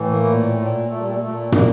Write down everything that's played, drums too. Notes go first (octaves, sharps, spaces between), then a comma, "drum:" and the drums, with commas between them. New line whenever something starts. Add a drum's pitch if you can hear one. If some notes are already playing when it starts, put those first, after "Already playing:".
Already playing: A2 E3
A#3
A#2
A#2
A#2 A3
G3
A3
A#2 A3
A#2 A#3, drum: tom